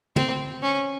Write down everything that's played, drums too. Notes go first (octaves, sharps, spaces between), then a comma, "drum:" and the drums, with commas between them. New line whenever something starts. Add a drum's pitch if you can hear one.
C4, drum: tom
C#4